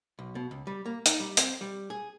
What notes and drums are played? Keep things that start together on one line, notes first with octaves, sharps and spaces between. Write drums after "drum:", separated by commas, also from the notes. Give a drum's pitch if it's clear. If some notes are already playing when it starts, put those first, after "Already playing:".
B1
B2
C#2
G3
A#3
D#4, drum: hi-hat
G3
C4, drum: hi-hat
G3
G#4